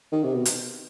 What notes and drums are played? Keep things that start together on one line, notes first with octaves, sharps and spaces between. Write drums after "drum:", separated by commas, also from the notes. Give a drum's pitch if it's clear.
D#3
C3
B2
drum: hi-hat